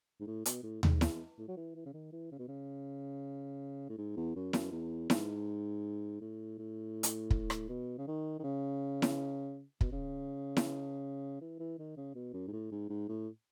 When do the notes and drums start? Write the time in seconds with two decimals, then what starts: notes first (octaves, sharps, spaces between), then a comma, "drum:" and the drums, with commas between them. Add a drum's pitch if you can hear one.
0.20 G#2
0.27 A2
0.45 B2, drum: hi-hat
0.63 A2
0.83 G#2, drum: tom D#2
1.01 E2, drum: snare E4
1.38 A2
1.48 F#3
1.57 E3
1.75 E3
1.86 C#3
1.94 D#3
2.13 E3
2.32 C#3
2.39 B2
2.48 C#3
3.89 A2
3.98 G#2
4.17 E2
4.36 F#2
4.53 F#2, drum: snare E4
4.72 E2
5.10 G#2, drum: snare E4
6.21 A2
6.58 A2
7.03 drum: hi-hat
7.31 drum: kick
7.50 drum: rim click
7.69 B2
7.98 C#3
8.07 D#3
8.39 D#3
8.44 C#3
9.02 drum: snare E4
9.81 B2, drum: kick
9.92 C#3
10.57 drum: snare E4
11.41 E3
11.60 E3
11.79 D#3
11.96 C#3
12.15 B2
12.34 F#2
12.48 G#2
12.53 A2
12.71 G#2
12.89 G#2
13.09 A2